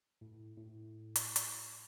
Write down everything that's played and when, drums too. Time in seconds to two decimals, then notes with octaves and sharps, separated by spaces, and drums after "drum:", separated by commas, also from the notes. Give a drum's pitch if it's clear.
0.21 A2
0.56 A2
1.16 drum: hi-hat
1.36 drum: hi-hat